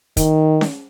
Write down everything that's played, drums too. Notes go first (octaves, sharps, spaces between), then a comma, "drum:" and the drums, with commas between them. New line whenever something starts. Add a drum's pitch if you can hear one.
D#3, drum: kick, hi-hat
drum: snare C#4